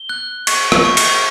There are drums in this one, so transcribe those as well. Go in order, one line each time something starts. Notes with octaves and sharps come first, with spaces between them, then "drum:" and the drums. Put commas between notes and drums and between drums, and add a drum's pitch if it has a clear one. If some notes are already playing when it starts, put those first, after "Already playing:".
Already playing: G7
F#6
C#6, drum: cymbal
drum: rim click
C#6
drum: cymbal